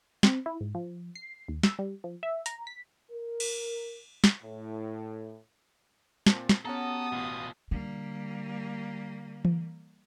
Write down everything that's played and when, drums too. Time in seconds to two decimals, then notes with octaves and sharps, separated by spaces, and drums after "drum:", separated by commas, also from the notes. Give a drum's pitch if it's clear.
0.23 C4, drum: snare
0.46 E4
0.61 G#2
0.75 F3
1.15 C7
1.48 D#2
1.63 E6, drum: snare
1.79 G3
2.04 F3
2.23 E5
2.46 A#5, drum: hi-hat
2.67 B6
3.12 A#4
3.40 drum: cymbal
4.24 drum: snare
4.43 A2
6.26 A#2 C4 A5, drum: snare
6.49 drum: snare
6.65 B3 C#4 F#4 G4 A4 F#5 A#5 D#6
7.12 A1 B2 F4
7.71 D3 G3 A#3
9.45 drum: tom E3